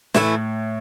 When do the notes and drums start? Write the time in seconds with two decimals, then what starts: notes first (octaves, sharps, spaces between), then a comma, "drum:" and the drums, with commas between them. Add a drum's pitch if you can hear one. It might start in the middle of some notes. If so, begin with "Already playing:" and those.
0.14 A2 E3 A3 E4, drum: snare